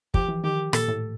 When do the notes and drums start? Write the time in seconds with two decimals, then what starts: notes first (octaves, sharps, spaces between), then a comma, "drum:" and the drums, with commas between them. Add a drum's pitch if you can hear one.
0.14 F3 G4, drum: kick
0.28 E3
0.44 D#3 G4
0.73 A#2 A4, drum: rim click
0.88 A2